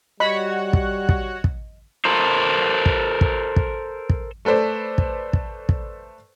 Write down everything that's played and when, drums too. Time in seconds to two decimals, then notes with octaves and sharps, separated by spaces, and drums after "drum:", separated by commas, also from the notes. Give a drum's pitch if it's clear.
0.20 G3 F#4 C#5 D#5 F#5 B5
0.73 drum: kick
1.09 drum: kick
1.44 drum: kick
2.05 A4 A#4 C5
2.86 drum: kick
3.21 drum: kick
3.56 drum: kick
4.09 drum: kick
4.45 A3 A4 B4 C5 D5
4.98 drum: kick
5.33 drum: kick
5.69 drum: kick